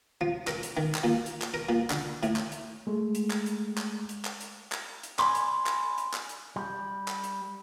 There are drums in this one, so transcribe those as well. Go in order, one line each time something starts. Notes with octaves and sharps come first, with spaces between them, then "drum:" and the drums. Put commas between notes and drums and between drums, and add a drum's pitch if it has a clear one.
F3
A#4, drum: clap
drum: hi-hat
D#3
drum: clap
A#2
drum: hi-hat
drum: clap
A#4
A#2
D3, drum: clap
A2, drum: hi-hat
drum: clap
drum: hi-hat
G#3 A3
drum: hi-hat
drum: clap
drum: hi-hat
drum: clap
drum: hi-hat
drum: clap
drum: hi-hat
drum: clap
drum: hi-hat
D5 G#5 B5 C6, drum: clap
drum: hi-hat
drum: clap
drum: hi-hat
drum: clap
drum: hi-hat
G3
drum: clap
drum: hi-hat